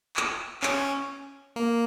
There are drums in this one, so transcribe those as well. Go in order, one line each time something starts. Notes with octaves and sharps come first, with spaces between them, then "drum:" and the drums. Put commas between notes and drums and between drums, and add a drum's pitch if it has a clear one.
drum: clap
C#4, drum: clap
A#3